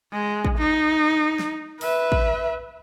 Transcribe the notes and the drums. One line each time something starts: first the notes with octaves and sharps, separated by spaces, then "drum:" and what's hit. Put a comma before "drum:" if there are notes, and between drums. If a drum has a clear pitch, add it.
G#3
drum: kick A1
D#4
drum: snare
B4 E5, drum: open hi-hat
drum: kick A1